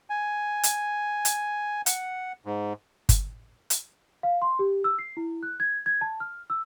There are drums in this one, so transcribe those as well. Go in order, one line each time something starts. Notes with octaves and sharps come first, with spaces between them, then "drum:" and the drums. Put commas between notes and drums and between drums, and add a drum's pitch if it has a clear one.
G#5
drum: hi-hat
drum: hi-hat
F#5, drum: hi-hat
G#2
drum: kick G1, hi-hat
drum: hi-hat
F5
C6
G4
E6
C7
E4
F#6
G#6
G#6
A5
F6
E6